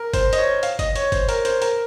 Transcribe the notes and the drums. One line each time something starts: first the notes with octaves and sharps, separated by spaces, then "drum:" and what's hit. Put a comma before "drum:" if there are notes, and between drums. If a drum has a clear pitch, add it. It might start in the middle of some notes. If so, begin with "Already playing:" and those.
Already playing: A#4
C5, drum: kick G1, hi-hat
D#5, drum: hi-hat
C#5
F5, drum: hi-hat
D#5, drum: kick G1, hi-hat
C#5, drum: hi-hat
C5, drum: kick G1, hi-hat
A#4, drum: hi-hat
C5, drum: hi-hat
A#4, drum: hi-hat